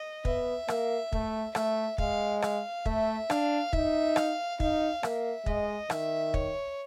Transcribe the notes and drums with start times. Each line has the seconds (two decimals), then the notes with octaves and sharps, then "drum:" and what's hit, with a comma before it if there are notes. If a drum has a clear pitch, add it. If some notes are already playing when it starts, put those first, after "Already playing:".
Already playing: D#5
0.25 B3 E5, drum: kick
0.68 A#3, drum: rim click
1.12 A3, drum: kick
1.55 A3 E5, drum: rim click
1.98 G#3 F5, drum: kick
2.42 F5, drum: rim click
2.86 A3 E5, drum: kick
3.30 D4 F5, drum: rim click
3.73 D#4 E5, drum: kick
4.16 F5, drum: rim click
4.60 D#4 F5, drum: kick
5.03 A#3 E5, drum: rim click
5.46 G#3 D#5, drum: kick
5.90 D#3 E5, drum: rim click
6.34 C#5, drum: kick